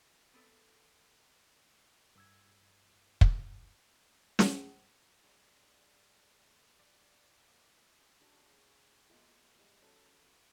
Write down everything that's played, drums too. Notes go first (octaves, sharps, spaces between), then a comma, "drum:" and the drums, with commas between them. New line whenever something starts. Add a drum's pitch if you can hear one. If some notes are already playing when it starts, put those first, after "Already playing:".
B3 C4 A4
G2 E6 G#6
drum: kick
drum: snare
F#3 G#3 D4
B3
D5
A#3
C#4 D4 F#4 G#4
G#4 C#5
G#3 A#3 B3 F4
G3 G#3 A#5
F#3 C#4 A4 B4